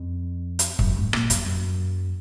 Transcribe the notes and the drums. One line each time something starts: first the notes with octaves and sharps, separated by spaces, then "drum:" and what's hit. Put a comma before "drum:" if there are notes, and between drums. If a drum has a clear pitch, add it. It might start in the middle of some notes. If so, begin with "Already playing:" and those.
Already playing: F2
drum: hi-hat
F#2, drum: kick
G#2
A#2, drum: rim click
F#2, drum: hi-hat
F#2